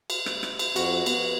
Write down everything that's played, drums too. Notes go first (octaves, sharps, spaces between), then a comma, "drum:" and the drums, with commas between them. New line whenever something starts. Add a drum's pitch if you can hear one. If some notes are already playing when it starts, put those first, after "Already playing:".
drum: cymbal
drum: rim click
drum: rim click
drum: cymbal
F2 F#4, drum: cymbal
B3, drum: cymbal